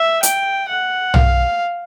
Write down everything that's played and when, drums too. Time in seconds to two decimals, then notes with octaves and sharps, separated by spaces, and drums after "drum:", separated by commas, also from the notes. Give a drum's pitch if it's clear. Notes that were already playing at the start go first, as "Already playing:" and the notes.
Already playing: E5
0.23 G5, drum: hi-hat
0.69 F#5
1.14 F5, drum: tom